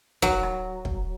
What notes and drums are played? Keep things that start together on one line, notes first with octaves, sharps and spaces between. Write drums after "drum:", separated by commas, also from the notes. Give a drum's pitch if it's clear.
F#3, drum: kick
drum: rim click
drum: kick